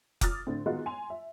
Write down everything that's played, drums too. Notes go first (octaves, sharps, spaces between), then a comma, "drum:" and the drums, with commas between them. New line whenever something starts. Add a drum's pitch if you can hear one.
D6 D#6 F6 A6, drum: kick F1, hi-hat
A2 D3 C4
D#3 G#3 B3 D#4 F4 F#4
G#5 C6 F7
E5